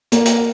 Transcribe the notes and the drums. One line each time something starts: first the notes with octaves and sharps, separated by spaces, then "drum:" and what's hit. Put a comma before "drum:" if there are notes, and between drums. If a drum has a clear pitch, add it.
A#3, drum: hi-hat
drum: hi-hat